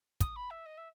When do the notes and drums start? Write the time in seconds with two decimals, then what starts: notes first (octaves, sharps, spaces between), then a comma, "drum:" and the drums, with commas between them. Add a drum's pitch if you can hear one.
0.20 D#6, drum: kick, hi-hat
0.36 B5
0.50 E5
0.66 D#5
0.77 E5